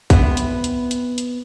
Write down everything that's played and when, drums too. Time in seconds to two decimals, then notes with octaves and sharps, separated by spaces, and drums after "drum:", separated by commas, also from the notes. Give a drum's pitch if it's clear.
0.10 B3 C4 E4, drum: kick, hi-hat
0.37 drum: hi-hat
0.64 drum: hi-hat
0.91 drum: hi-hat
1.18 drum: hi-hat